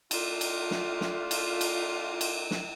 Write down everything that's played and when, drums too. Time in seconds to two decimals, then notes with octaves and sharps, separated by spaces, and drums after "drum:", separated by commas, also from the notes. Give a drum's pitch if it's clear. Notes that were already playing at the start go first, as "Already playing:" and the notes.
0.11 A3 D4 F4, drum: cymbal
0.41 drum: cymbal
0.71 drum: snare
1.01 drum: snare
1.31 drum: cymbal
1.61 drum: cymbal
2.21 drum: cymbal
2.51 drum: snare